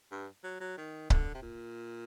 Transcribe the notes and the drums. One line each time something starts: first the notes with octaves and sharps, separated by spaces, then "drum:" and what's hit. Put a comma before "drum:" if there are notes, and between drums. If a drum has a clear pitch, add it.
G2
F#3
F#3
D#3
D3, drum: kick C#1
C3
A#2